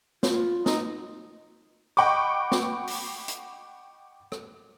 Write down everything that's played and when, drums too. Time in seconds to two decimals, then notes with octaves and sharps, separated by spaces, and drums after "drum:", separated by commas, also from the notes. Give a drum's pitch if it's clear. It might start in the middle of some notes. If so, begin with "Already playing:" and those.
0.23 F4, drum: snare
0.66 D#4, drum: snare
1.97 D#5 F#5 G5 B5 C#6 D6
2.52 drum: snare
2.87 drum: open hi-hat
3.28 drum: hi-hat
4.32 drum: rim click